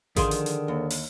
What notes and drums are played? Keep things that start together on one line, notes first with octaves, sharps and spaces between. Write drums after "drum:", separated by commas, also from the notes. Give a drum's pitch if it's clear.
D3 D#3 F3 G#4 C6, drum: kick A1, hi-hat
drum: hi-hat
drum: hi-hat
D#2
drum: open hi-hat